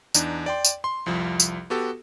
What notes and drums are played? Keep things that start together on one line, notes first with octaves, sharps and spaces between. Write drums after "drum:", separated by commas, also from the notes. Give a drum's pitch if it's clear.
E2 D4 D#4, drum: tambourine
D5 G5 C6
drum: tambourine
C6
C2 F2 F3
drum: tambourine
B3 F#4 G4 A4